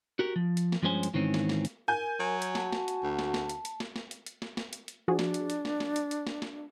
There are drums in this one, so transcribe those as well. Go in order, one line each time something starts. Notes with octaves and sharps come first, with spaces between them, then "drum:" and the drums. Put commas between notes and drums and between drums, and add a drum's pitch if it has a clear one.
F#4 G4 A#4
F3
drum: hi-hat
drum: snare
G2 F3 G#3 C#4 C5 G#5
drum: hi-hat
G#2 D#3 E3 C4 C#4
drum: snare
drum: snare
drum: hi-hat
A#4 G#5 G6
F#3
drum: hi-hat
F#4 A5, drum: snare
drum: snare
drum: hi-hat
D2
drum: snare
drum: snare
drum: hi-hat
drum: hi-hat
drum: snare
drum: snare
drum: hi-hat
drum: hi-hat
drum: snare
drum: snare
drum: hi-hat
drum: hi-hat
F3 D4 F#4 G#4
drum: snare
drum: hi-hat
drum: hi-hat
drum: snare
drum: snare
drum: hi-hat
drum: hi-hat
drum: snare
drum: snare